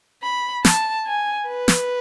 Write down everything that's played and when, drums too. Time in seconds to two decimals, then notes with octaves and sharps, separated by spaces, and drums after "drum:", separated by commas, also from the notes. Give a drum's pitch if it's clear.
0.23 B5
0.65 A5, drum: snare
1.06 G#5
1.47 B4
1.68 drum: snare